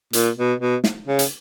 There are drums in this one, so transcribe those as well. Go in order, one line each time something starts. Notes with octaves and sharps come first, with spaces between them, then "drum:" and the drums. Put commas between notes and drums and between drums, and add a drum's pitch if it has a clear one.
A#2, drum: hi-hat
B2
B2
drum: snare
C#3
drum: hi-hat